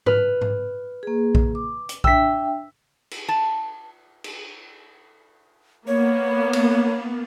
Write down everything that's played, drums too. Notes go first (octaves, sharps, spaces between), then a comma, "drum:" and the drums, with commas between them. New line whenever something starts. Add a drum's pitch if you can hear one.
B4 F6, drum: tom G#2
drum: tom G#2
A#3 G#4
drum: kick A#1
D6
drum: hi-hat
D4 E5 G5 E6 B6, drum: kick A#1
drum: cymbal
A5
drum: cymbal
A#3 B3 C#5
drum: cymbal